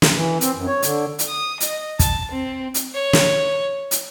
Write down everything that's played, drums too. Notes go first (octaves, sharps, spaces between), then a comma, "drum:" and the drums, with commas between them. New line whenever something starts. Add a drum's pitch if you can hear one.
drum: snare
E3
C4, drum: hi-hat
F#2
C#5
D3, drum: hi-hat
drum: hi-hat
D#6
D#5, drum: hi-hat
A5, drum: kick, hi-hat
C4
drum: hi-hat
C#5
drum: snare
drum: hi-hat